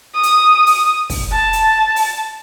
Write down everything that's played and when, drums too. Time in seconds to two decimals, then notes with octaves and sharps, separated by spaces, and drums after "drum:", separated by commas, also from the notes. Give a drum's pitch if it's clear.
0.14 D#6
0.23 drum: hi-hat
0.66 drum: open hi-hat
1.10 drum: kick, open hi-hat
1.31 A5
1.53 drum: hi-hat
1.96 drum: open hi-hat